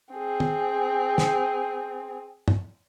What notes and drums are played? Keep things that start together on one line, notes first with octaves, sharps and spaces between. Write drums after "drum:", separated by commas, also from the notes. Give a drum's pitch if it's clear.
C4 G#4
drum: tom
drum: snare
drum: tom